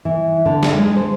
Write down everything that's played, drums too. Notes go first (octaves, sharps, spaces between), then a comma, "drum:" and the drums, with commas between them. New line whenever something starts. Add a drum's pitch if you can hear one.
E3
D3
drum: snare
G#3
C5